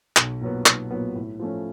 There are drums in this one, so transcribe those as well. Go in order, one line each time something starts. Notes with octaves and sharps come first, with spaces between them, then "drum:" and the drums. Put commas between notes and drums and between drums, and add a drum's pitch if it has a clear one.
B1, drum: clap
A#2 F#3 B3
B1, drum: clap
A#2 F#3 B3
A2
F3 A3 C#4